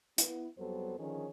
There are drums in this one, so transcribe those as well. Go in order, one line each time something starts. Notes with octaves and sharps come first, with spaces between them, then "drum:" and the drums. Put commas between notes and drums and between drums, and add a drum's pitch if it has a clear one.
B3 E4, drum: hi-hat
F2 F#3 G3 B3 A4 C5
D3 D#3 F3 C#4 G#4 C#5